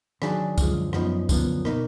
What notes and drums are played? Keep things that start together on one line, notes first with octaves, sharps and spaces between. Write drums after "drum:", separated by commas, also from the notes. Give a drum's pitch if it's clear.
D#3 F#3 D4 G#4, drum: rim click
F#2 D3 F3 G#3, drum: kick, tambourine
F#2 F3 B3 D#4, drum: rim click
F#2 D3 F3 B3, drum: kick, tambourine
B2 A#3 D#4, drum: rim click